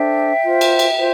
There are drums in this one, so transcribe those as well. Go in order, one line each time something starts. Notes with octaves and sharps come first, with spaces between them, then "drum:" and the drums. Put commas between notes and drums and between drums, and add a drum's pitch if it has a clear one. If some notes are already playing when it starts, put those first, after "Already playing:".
Already playing: D4 A4 C5 E5 G5
F4 C5
drum: cymbal
drum: cymbal
F4 C5